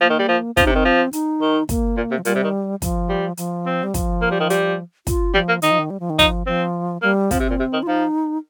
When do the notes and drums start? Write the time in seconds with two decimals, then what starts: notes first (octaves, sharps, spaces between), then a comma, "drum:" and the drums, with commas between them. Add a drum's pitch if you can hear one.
0.01 F3 A#3
0.10 D#3
0.19 G3
0.29 F3
0.57 F3 C4, drum: kick, hi-hat
0.64 D#4
0.67 C3
0.72 D#3 C4
0.85 F3
1.13 D#4, drum: hi-hat
1.41 D#3
1.69 A#3, drum: kick, hi-hat
1.97 A#2
2.11 C3
2.18 F3
2.25 A#2 G3, drum: hi-hat
2.35 C3
2.44 D#3
2.82 F3, drum: kick, hi-hat
3.09 G3
3.37 F3, drum: hi-hat
3.66 C4
3.83 G3
3.94 F3, drum: kick, hi-hat
4.22 A#3
4.31 G3
4.40 D#3
4.50 G3, drum: hi-hat
5.07 F4, drum: kick, hi-hat
5.34 F3 G3
5.49 A#3
5.62 D#3 D#4, drum: hi-hat
5.71 F3
5.79 D#3
5.90 G3
6.00 F3
6.10 D#3
6.19 F3 D#4, drum: kick, hi-hat
6.46 F3 C4
7.02 G3 A#3
7.31 F3 C4, drum: kick, hi-hat
7.40 C3
7.50 A#2
7.59 C3
7.73 D#3
7.83 F4
7.87 F3 D#4